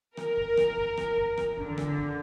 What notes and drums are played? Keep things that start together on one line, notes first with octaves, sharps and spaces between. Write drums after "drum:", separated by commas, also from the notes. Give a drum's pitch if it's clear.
A#4, drum: rim click
drum: kick
drum: rim click
drum: kick
drum: rim click
drum: kick
drum: rim click
D3, drum: kick
drum: rim click
drum: kick